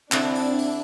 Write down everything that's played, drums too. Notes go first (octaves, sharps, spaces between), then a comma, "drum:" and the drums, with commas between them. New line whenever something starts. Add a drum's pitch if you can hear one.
D3 C4 D4 E4, drum: clap
drum: open hi-hat
drum: open hi-hat